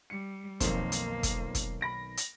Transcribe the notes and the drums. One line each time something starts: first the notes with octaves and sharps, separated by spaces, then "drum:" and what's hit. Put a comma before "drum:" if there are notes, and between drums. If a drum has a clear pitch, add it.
G3 C#7
B1 F2 D#3 A#3 C5, drum: kick, hi-hat
drum: hi-hat
drum: kick, hi-hat
drum: kick, hi-hat
B5 A#6 D7
drum: hi-hat